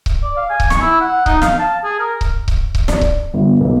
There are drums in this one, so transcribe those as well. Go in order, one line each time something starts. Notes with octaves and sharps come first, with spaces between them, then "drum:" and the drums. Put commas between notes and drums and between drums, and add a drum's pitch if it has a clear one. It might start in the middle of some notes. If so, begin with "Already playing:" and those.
drum: kick C#1
D5
F5
G#5
drum: kick C#1
C#6, drum: snare
E4
F#5
D#4, drum: kick C#1
F5, drum: snare
A5
G#4
A#4
drum: kick C#1
drum: kick C#1
drum: kick C#1
D5, drum: snare
drum: kick C#1
G1
B1